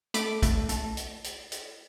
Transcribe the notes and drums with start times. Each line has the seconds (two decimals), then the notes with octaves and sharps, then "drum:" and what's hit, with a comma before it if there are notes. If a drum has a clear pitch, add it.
0.14 A3 B5 D6, drum: hi-hat
0.42 A3, drum: kick, hi-hat
0.69 A3, drum: hi-hat
0.97 drum: hi-hat
1.24 drum: hi-hat
1.52 drum: hi-hat